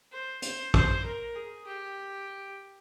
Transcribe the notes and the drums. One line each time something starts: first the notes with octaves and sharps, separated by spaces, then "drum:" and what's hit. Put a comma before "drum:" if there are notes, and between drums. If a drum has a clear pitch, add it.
C5
C5, drum: hi-hat
C5, drum: kick
A#4
G#4
G4